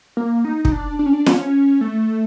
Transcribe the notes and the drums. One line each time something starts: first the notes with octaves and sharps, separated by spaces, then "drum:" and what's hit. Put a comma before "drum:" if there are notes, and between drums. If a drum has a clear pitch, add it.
A#3
D#4
D#4, drum: kick
D4
D4
C#4
D4
C#4, drum: snare
A3